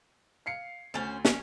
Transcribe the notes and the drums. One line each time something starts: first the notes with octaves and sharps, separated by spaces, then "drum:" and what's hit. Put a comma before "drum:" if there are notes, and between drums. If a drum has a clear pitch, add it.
F5 C7 C#7
D2 C#4 C5 A6
C#4, drum: snare